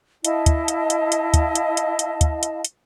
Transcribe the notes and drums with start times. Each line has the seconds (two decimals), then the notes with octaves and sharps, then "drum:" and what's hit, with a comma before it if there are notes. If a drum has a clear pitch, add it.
0.25 E4 D#5 F5 A5, drum: hi-hat
0.46 drum: kick, hi-hat
0.68 drum: hi-hat
0.90 drum: hi-hat
1.12 drum: hi-hat
1.34 drum: kick, hi-hat
1.55 drum: hi-hat
1.77 drum: hi-hat
1.99 drum: hi-hat
2.21 drum: kick, hi-hat
2.43 drum: hi-hat
2.65 drum: hi-hat